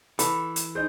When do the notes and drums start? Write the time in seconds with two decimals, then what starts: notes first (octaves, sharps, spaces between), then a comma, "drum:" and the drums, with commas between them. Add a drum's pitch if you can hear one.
0.19 E3 A4 B5, drum: hi-hat
0.56 drum: hi-hat
0.75 D#4 G#4 C5 G6